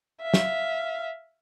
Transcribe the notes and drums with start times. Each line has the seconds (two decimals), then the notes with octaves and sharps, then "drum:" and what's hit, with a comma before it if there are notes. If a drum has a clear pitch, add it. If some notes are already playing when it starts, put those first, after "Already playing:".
0.22 E5 F5
0.34 drum: snare